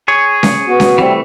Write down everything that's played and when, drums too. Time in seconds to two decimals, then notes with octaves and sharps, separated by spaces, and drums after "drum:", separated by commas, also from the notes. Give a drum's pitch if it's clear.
0.08 G#4 C#5
0.43 drum: snare C#4
0.68 B3 F#4
0.80 drum: snare C#4
0.98 C3 E3 G3 A3 C4